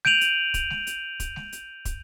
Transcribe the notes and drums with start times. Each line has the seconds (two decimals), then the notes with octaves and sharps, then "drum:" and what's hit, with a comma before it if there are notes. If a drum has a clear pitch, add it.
0.05 G6 D7 D#7 F7 F#7, drum: snare G#3
0.21 drum: hi-hat
0.54 drum: kick, hi-hat
0.70 drum: snare G#3
0.87 drum: hi-hat
1.20 drum: kick, hi-hat
1.36 drum: snare G#3
1.52 drum: hi-hat
1.85 drum: kick, hi-hat